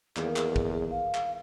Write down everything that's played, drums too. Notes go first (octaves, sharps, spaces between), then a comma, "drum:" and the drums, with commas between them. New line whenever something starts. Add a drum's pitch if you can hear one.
E2 D#3 G3 A#3 G#4, drum: clap
drum: clap
drum: kick
F5
drum: clap